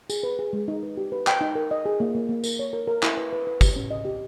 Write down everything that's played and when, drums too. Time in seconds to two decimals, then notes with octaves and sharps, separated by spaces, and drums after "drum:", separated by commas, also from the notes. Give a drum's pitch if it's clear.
0.10 G#4, drum: tambourine
0.23 B4
0.39 G#4
0.53 G#3
0.68 D#4
0.83 B4
0.97 G4
1.12 B4
1.27 G5, drum: clap
1.41 D#4
1.55 A#4
1.71 D#5
1.86 G#4
2.00 A#3
2.15 A#3
2.29 A#3
2.44 A#4, drum: tambourine
2.59 C#5
2.73 A#4
2.88 A#4
3.03 E4, drum: clap
3.17 B4
3.33 B4
3.47 B4
3.61 G4, drum: kick, tambourine
3.76 C#4
3.91 D#5
4.05 G4